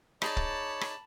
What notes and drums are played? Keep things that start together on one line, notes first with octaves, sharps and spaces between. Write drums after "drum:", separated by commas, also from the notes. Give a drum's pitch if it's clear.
D#4 G#4 C#5 D5 A5 B5, drum: rim click
drum: kick
drum: rim click